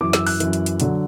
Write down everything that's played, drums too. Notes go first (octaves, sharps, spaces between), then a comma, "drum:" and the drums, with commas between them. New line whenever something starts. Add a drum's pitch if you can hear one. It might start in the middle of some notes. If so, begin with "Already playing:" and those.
F#2 E3 D6
E6, drum: snare
F#6, drum: open hi-hat
F#2 E3, drum: hi-hat
drum: hi-hat
drum: hi-hat
D3 F#3, drum: hi-hat